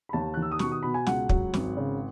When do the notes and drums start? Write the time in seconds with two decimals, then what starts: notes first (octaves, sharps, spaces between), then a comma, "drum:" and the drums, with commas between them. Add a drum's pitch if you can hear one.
0.09 B5
0.13 D#2 A5
0.34 D#3 F#6
0.42 E6
0.52 D#6
0.59 B2 C#6, drum: snare
0.72 D#6
0.83 B2 B5
0.94 G#5
1.07 C#2 F#5, drum: snare
1.29 F#3, drum: kick
1.54 G#1, drum: snare
1.77 C#3